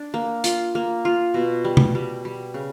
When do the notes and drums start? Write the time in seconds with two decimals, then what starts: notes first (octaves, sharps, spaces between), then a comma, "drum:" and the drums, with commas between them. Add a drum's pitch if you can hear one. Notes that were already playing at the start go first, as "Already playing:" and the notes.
Already playing: D4
0.14 A#3
0.44 F4, drum: hi-hat
0.75 A#3
1.05 F4
1.34 B2
1.65 G3
1.77 drum: tom
1.95 G3
2.25 G3
2.54 C#3